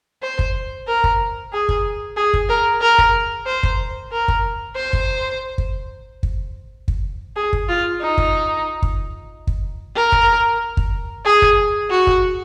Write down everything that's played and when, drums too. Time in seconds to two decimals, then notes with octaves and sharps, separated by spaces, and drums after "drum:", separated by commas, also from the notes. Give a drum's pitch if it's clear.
0.22 C5
0.39 drum: kick
0.87 A#4
1.04 drum: kick
1.53 G#4
1.69 drum: kick
2.17 G#4
2.34 drum: kick
2.49 A#4
2.82 A#4
2.98 drum: kick
3.46 C5
3.63 drum: kick
4.12 A#4
4.28 drum: kick
4.76 C5
4.93 drum: kick
5.58 drum: kick
6.23 drum: kick
6.88 drum: kick
7.36 G#4
7.53 drum: kick
7.69 F4
8.02 D#4
8.18 drum: kick
8.82 drum: kick
9.47 drum: kick
9.96 A#4
10.12 drum: kick
10.77 drum: kick
11.26 G#4
11.42 drum: kick
11.90 F#4
12.07 drum: kick